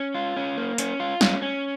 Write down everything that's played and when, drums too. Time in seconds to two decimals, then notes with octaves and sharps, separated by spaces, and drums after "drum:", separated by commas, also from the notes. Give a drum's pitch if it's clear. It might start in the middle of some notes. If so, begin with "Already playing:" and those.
Already playing: C#4
0.15 F4
0.37 C#4
0.58 A#3
0.78 C#4, drum: hi-hat
1.00 F4
1.21 C#4, drum: snare
1.42 C#4